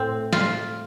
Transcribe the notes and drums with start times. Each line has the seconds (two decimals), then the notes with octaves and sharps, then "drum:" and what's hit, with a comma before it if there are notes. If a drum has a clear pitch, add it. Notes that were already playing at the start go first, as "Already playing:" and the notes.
Already playing: A2 C4
0.33 F4, drum: snare